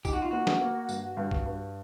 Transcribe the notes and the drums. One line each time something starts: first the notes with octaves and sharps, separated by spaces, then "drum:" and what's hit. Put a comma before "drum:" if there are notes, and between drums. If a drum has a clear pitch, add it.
D#4 G4, drum: kick B1, tambourine
F#4
F4
A#3 F#4
drum: snare
A#3
G2, drum: tambourine
G2
drum: kick B1
G2